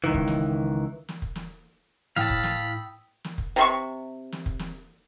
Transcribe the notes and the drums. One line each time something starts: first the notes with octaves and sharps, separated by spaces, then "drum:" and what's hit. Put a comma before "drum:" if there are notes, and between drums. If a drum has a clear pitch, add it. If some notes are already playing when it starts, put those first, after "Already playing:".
C#2 D#3 E3
drum: kick F1
drum: snare
drum: snare
drum: kick F1
drum: snare
A2 F5 G5 A5 B5 D#6 E6, drum: snare
drum: kick F1
drum: snare
drum: snare
drum: kick F1
C3 C6 C#6
drum: snare
drum: kick F1
drum: snare